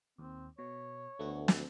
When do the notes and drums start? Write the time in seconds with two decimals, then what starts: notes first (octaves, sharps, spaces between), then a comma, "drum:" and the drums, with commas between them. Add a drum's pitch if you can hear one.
0.18 D#2 C4
0.58 B2 C#5
1.19 D2 A3 B3 F#4
1.48 drum: snare